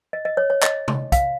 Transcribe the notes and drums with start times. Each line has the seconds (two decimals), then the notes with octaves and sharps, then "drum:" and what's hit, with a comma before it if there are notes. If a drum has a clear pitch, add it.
0.13 D#5
0.25 D#5
0.37 C#5
0.50 C#5
0.63 D#5, drum: clap
0.88 drum: tom C3
1.12 F5, drum: kick, hi-hat